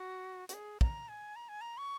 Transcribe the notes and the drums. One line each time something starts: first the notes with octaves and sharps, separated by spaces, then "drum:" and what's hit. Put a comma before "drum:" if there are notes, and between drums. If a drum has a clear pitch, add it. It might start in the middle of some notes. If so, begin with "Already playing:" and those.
Already playing: F#4
F#4, drum: hi-hat
G#4
A#5, drum: kick
G#5
A#5
G#5
A#5
C#6